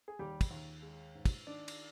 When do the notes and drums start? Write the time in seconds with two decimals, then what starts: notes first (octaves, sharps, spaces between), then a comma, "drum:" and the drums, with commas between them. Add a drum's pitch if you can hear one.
0.08 G#4
0.19 D#2 G3 G4
0.41 drum: kick, cymbal
0.51 D#2
0.83 G#3
1.15 G#2
1.25 drum: kick, cymbal
1.47 D#3 D4
1.68 drum: cymbal